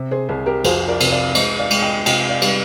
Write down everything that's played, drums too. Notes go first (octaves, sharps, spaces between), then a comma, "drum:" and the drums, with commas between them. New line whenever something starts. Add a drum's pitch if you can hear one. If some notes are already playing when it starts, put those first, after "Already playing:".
Already playing: C3
G#4 C5
C2 G#4
G4 A#4
F2 G#4 C5, drum: cymbal
A#4 D5
C3, drum: cymbal
D5 F5
G#3 C5 D#5, drum: cymbal
D5 F5
G#3, drum: cymbal
D#5 G5
C3 D#5 G5, drum: cymbal
D5 F5
G3, drum: cymbal